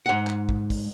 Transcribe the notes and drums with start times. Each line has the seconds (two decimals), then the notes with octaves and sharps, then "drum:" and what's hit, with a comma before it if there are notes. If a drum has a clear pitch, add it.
0.06 G#2 F#5
0.27 drum: clap
0.49 drum: kick
0.70 drum: kick, open hi-hat